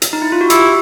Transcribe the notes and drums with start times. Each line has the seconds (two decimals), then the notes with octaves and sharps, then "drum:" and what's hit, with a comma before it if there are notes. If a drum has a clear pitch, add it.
0.02 drum: hi-hat
0.13 D#4
0.22 E4
0.32 F4
0.41 F#4
0.50 E4 G4, drum: hi-hat